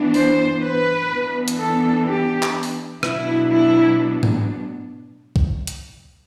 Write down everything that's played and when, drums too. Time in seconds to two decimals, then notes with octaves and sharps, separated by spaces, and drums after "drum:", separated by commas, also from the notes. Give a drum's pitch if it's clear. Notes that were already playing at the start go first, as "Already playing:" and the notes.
Already playing: E3 B3 D4
0.14 C5, drum: open hi-hat
0.63 B4
1.10 E3 B3 D4
1.48 drum: hi-hat
1.58 A4
2.07 G4
2.43 drum: clap
2.63 drum: open hi-hat
3.03 B2 F#3 B3 D4 E4, drum: rim click
3.52 E4
4.23 drum: tom
5.36 drum: kick
5.67 drum: hi-hat